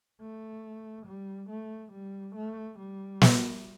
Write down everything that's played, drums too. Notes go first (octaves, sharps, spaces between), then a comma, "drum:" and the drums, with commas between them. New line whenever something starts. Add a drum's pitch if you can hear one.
A3
G3
A3
G3
A3
G3
drum: snare